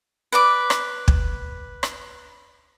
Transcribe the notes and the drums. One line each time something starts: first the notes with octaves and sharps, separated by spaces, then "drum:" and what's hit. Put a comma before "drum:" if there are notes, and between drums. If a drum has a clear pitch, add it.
B4 D5 D6
drum: rim click
drum: kick
drum: rim click